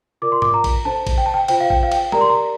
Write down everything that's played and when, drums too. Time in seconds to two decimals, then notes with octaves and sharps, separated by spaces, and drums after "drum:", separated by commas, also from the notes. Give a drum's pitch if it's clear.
0.22 F4 A#4 D5 D6
0.32 C6
0.42 D6, drum: tom G#2
0.54 A#5
0.64 drum: kick, cymbal
0.85 D4 A4 C5 A5
1.07 drum: kick, cymbal
1.18 G5
1.26 A5
1.34 G5
1.48 F4 C5 G5, drum: cymbal
1.60 F5
1.70 G5, drum: kick
1.83 F5
1.92 G5, drum: cymbal
2.12 G4 A#4 D5 A#5, drum: tom
2.21 C6
2.29 A#5